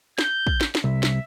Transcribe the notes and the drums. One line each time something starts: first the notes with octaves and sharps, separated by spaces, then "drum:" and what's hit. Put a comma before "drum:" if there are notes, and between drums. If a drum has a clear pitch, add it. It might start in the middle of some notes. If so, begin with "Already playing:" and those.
G6, drum: snare
drum: kick
drum: snare
drum: snare
C2 E5
drum: snare